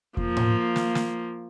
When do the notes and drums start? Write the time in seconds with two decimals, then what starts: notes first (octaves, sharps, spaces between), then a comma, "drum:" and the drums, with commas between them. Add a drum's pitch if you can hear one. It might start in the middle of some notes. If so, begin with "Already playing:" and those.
0.17 F3 A#3, drum: kick E2
0.37 drum: tom A2
0.76 drum: snare
0.95 drum: snare